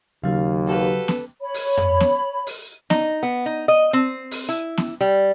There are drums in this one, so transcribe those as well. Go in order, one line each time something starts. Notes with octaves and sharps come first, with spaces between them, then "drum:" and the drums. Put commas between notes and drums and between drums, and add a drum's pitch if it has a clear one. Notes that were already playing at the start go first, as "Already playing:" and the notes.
D#2 C#3 F#3 F5
F#4 G4 A4 B4 F5
drum: snare B3
C#5 B5
drum: open hi-hat
drum: tom F2
drum: snare B3
drum: open hi-hat
D#4, drum: snare B3
B3
D#4
D#5
C4
drum: open hi-hat
E4
drum: snare B3
G3